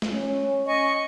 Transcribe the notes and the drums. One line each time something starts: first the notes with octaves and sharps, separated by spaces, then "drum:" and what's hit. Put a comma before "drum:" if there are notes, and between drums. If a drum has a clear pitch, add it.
drum: snare A3
C#4
D#5 G#5 C#6